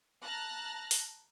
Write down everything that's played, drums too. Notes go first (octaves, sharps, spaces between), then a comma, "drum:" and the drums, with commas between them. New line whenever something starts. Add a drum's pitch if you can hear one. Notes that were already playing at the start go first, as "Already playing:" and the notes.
A5 A#5 F6 F#6 A6 A#6
drum: open hi-hat